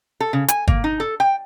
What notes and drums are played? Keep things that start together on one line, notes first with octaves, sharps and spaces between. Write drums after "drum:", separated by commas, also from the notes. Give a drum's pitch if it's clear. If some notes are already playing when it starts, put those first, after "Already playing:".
A4
C#3
G#5, drum: hi-hat
A#3, drum: kick
D#4
A4
G5